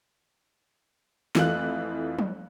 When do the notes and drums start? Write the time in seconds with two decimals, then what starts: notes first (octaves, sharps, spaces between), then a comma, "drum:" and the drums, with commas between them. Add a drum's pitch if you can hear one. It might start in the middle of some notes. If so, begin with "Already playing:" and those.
1.35 F2 E3 A3 F4 F#6, drum: snare
2.19 drum: tom F3